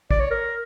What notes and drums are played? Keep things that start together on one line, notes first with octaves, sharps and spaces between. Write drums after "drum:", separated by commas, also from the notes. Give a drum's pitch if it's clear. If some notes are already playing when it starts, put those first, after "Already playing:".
D5, drum: kick
C#5
A#4